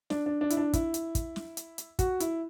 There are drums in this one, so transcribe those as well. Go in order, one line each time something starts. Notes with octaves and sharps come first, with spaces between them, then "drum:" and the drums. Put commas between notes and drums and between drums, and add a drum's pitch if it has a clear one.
D4, drum: snare
D4
D4
E4, drum: hi-hat
D4
E4, drum: kick, hi-hat
drum: hi-hat
drum: kick, hi-hat
drum: snare
drum: hi-hat
drum: hi-hat
F#4, drum: kick, hi-hat
E4, drum: hi-hat